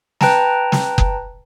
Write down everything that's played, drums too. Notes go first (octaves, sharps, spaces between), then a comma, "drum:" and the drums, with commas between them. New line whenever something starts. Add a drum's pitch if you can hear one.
B4 G5 A5 A#5, drum: snare
drum: snare
drum: kick F#1